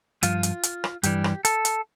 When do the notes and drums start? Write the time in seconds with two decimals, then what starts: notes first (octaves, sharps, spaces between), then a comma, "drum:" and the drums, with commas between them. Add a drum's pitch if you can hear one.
0.23 G2 F3 F4, drum: hi-hat
0.43 drum: hi-hat
0.63 drum: hi-hat
0.84 drum: rim click
1.03 G2 E3 G3 G4, drum: hi-hat
1.24 drum: rim click
1.45 A4, drum: hi-hat
1.65 drum: hi-hat